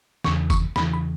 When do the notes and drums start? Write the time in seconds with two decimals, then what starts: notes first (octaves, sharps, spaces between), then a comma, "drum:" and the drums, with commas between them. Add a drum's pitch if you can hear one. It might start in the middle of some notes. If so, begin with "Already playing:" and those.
0.24 E2 C#3 E3 C#6, drum: snare
0.50 C#6, drum: kick, tambourine
0.76 E2 C#3 E3 B5, drum: snare
0.93 B5